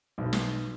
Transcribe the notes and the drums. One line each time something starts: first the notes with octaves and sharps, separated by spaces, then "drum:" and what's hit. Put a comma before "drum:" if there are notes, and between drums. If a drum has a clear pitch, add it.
B1
drum: snare